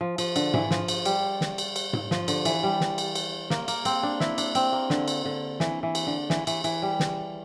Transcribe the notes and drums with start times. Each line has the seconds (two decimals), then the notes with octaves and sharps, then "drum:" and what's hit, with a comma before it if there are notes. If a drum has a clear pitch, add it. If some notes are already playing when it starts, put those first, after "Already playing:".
0.01 F3
0.18 F3, drum: cymbal
0.36 D3, drum: cymbal
0.54 E3, drum: tom G#2
0.71 F3, drum: snare
0.88 drum: cymbal
1.05 G3, drum: cymbal
1.41 drum: snare
1.58 drum: cymbal
1.76 drum: cymbal
1.93 drum: tom G#2
2.11 F3, drum: snare
2.28 D3, drum: cymbal
2.45 E3, drum: cymbal
2.63 G3
2.81 drum: snare
2.98 drum: cymbal
3.15 drum: cymbal
3.50 A#3, drum: snare
3.68 A#3, drum: cymbal
3.85 C4, drum: cymbal
4.03 D4
4.20 E4, drum: snare
4.38 D4, drum: cymbal
4.55 C4, drum: cymbal
4.73 A#3
4.90 D3, drum: snare
5.08 drum: cymbal
5.25 D3
5.60 E3, drum: snare
5.83 E3
5.95 drum: cymbal
6.07 D3
6.30 E3, drum: snare
6.47 E3, drum: cymbal
6.64 E3, drum: cymbal
6.82 G3
7.00 drum: snare